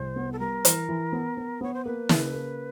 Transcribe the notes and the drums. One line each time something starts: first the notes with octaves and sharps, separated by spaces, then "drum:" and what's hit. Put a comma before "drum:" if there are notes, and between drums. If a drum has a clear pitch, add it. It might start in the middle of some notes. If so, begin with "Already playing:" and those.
Already playing: C2 C5
B3
A4
G3 A#4
E3, drum: hi-hat
E3
B3
B3
B3 C#5
C5
A#3 B4
C#3, drum: snare
A#3